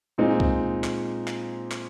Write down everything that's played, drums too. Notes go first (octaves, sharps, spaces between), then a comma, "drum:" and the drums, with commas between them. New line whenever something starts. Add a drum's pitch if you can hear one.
A#2 G#3 C4 D#4
drum: kick C2
drum: clap
drum: clap
drum: clap